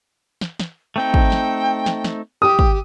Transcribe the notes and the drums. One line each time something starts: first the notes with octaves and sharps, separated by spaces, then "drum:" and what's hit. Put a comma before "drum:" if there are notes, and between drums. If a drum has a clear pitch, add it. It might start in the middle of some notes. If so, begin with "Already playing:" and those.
drum: snare
drum: snare
A3 C4 D#4 G5
drum: kick
drum: snare
drum: snare
drum: snare
G4 D#6
drum: kick